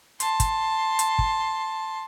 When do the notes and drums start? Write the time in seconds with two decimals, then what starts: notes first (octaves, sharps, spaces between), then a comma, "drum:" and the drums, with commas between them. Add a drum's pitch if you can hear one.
0.20 A5 C6, drum: hi-hat
0.40 drum: kick, hi-hat
0.99 drum: hi-hat
1.19 drum: kick